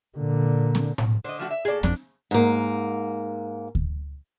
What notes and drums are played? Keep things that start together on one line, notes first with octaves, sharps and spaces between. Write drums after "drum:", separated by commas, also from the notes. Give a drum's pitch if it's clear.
A#2 D3
drum: snare C4
drum: tom A2
D3 C5 D#5
F3 A3 F#4
E5
B2 A#3 G#4 A4 D5
G#1 F2 D4, drum: snare C4
G#2 A#3
drum: kick D2